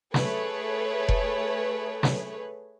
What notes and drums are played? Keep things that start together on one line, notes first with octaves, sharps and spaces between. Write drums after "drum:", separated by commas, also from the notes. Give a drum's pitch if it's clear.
A3 G#4 B4 C#5, drum: snare
drum: kick F1
drum: snare